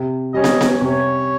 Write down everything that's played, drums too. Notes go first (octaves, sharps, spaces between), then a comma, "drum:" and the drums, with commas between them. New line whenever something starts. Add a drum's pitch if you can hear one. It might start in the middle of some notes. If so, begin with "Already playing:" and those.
Already playing: C3
G3 C#4 D#5
drum: snare
drum: snare
C3 C#5